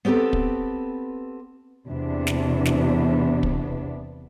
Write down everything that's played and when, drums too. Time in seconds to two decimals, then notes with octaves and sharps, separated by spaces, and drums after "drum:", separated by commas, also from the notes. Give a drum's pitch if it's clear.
0.05 B3 C4 G4 A4 B4
0.33 drum: kick
1.88 E2 C3 B3 D4
2.27 drum: snare
2.65 drum: snare
3.43 drum: kick